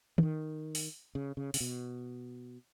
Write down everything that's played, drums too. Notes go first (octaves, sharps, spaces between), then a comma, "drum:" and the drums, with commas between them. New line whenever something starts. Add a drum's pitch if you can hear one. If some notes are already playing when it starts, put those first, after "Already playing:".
C#3, drum: tom
D#3
drum: open hi-hat
C#3
C#3
C#3, drum: open hi-hat
B2